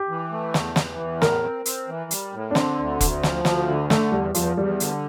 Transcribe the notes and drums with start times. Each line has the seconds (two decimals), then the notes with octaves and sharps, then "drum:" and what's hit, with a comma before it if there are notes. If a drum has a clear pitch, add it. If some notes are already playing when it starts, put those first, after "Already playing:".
Already playing: G4
0.09 E3
0.32 A3
0.54 E2, drum: snare
0.76 E3, drum: snare
0.99 E2
1.22 A2 A#4, drum: snare
1.43 C4
1.66 C4, drum: hi-hat
1.88 E3
2.11 G3, drum: hi-hat
2.33 A2
2.51 D4
2.55 D3 C4, drum: snare
2.79 D2
3.01 D2, drum: kick E1, hi-hat
3.23 F3, drum: snare
3.45 D2, drum: snare
3.68 D3
3.90 D3 A3, drum: snare
4.12 E2 G3
4.34 E2 F3, drum: hi-hat
4.57 E2 G3
4.80 D3, drum: hi-hat